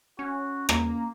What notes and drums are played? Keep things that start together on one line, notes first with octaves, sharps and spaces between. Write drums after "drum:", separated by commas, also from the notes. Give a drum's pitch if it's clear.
C#4 F#4
A#3 A#5, drum: rim click